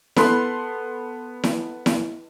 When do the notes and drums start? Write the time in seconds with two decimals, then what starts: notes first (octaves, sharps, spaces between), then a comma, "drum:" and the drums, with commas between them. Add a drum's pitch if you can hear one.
0.16 B3 A4 B5 C6 F#6, drum: snare E4
1.44 drum: snare E4
1.86 drum: snare E4